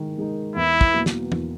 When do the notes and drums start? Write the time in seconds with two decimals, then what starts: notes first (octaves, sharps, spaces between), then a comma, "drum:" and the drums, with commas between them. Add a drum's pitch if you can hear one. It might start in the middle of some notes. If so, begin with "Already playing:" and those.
Already playing: D#3 G#3 D#4
0.18 G#3 D#4
0.56 E2 E4
0.81 drum: kick
0.93 B2 F#3 A#3
1.06 drum: snare
1.32 E2, drum: tom